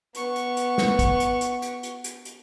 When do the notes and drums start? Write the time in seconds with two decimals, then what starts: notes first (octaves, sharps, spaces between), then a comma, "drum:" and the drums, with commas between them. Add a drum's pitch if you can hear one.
0.15 B3 C#6, drum: hi-hat
0.36 drum: hi-hat
0.57 drum: hi-hat
0.78 drum: snare
0.99 drum: kick, hi-hat
1.20 drum: hi-hat
1.41 drum: hi-hat
1.62 drum: hi-hat
1.83 drum: hi-hat
2.04 drum: hi-hat
2.25 drum: hi-hat